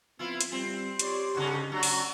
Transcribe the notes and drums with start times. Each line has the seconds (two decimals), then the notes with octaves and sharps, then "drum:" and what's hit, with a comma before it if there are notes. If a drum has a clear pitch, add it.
0.19 F3 B3 C4 E4 F4
0.41 drum: hi-hat
0.52 G3 C4 F4
0.99 G4 C#5 D5 C6, drum: hi-hat
1.35 G2 C#3 C#4 D#4 F#4
1.72 F#3 A3 C#4 D4 F#4 A#5
1.83 drum: open hi-hat